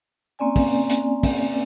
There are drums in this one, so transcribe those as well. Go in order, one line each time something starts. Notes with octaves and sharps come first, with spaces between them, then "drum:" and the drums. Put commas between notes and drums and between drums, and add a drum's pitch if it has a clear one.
A#3 C4 C#4 D5 G#5
drum: kick, open hi-hat
drum: hi-hat
drum: kick, open hi-hat